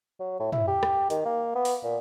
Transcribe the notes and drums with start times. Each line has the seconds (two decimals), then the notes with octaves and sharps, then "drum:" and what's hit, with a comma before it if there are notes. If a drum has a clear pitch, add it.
0.20 F#3
0.40 A2
0.52 E4, drum: tom
0.67 G4
0.83 drum: rim click
1.10 D#3, drum: hi-hat
1.25 A#3
1.55 B3
1.65 drum: open hi-hat
1.84 A#2